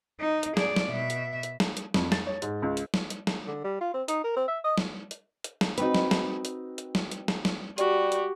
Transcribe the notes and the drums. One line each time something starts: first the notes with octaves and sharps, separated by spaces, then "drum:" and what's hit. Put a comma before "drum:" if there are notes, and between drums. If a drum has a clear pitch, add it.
D#4
drum: hi-hat
G#4 D5, drum: snare
drum: snare
B2 E5
drum: hi-hat
drum: hi-hat
drum: snare
drum: hi-hat
F2, drum: snare
A6, drum: snare
C#5
G#2, drum: hi-hat
C#2
drum: hi-hat
drum: snare
drum: hi-hat
drum: snare
D3
G3
F4
C4
D#4, drum: hi-hat
A#4
C4
E5
D#5
drum: snare
drum: hi-hat
drum: hi-hat
drum: snare
C4 D#4 F#4 B4, drum: hi-hat
drum: snare
drum: snare
drum: hi-hat
drum: hi-hat
drum: snare
drum: hi-hat
drum: snare
drum: snare
G3 F#4 G4, drum: hi-hat
drum: hi-hat